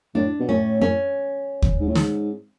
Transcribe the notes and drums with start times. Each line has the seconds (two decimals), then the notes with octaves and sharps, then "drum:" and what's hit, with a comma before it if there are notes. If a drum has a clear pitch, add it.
0.15 A2 D4
0.40 B2
0.49 A2 C#4
0.81 C#4
1.62 drum: kick
1.80 G#2
1.88 A2
1.95 G#2, drum: snare